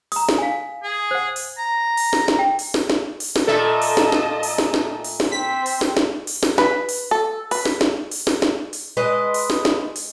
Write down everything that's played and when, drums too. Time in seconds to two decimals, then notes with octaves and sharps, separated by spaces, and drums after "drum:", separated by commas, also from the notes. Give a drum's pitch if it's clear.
0.12 A#5 D#6, drum: open hi-hat
0.29 drum: snare
0.38 F5 G#5
0.83 G#4
1.11 C5 F#5
1.36 drum: open hi-hat
1.58 A#5
1.97 drum: open hi-hat
2.13 drum: snare
2.28 drum: snare
2.39 G5
2.59 drum: open hi-hat
2.74 drum: snare
2.90 drum: snare
3.20 drum: open hi-hat
3.36 drum: snare
3.47 A#2 A3 A4 D#5 E5 A5
3.82 drum: open hi-hat
3.97 drum: snare
4.12 drum: snare
4.43 drum: open hi-hat
4.58 drum: snare
4.74 drum: snare
5.04 drum: open hi-hat
5.20 drum: snare
5.32 C4 B6
5.66 drum: open hi-hat
5.81 drum: snare
5.97 drum: snare
6.27 drum: open hi-hat
6.43 drum: snare
6.58 B4, drum: snare
6.89 drum: open hi-hat
7.11 A4
7.51 B4, drum: open hi-hat
7.65 drum: snare
7.81 drum: snare
8.12 drum: open hi-hat
8.27 drum: snare
8.42 drum: snare
8.73 drum: open hi-hat
8.97 G#3 B4 D#5
9.34 drum: open hi-hat
9.50 drum: snare
9.65 drum: snare
9.96 drum: open hi-hat